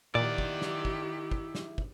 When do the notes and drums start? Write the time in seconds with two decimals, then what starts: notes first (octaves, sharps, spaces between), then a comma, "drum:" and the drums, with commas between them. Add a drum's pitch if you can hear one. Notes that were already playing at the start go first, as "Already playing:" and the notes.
0.15 A#2 D#3 E4 G4 D5 F#5
0.38 drum: kick
0.62 drum: snare
0.85 drum: kick
1.31 drum: kick
1.55 drum: snare
1.78 drum: kick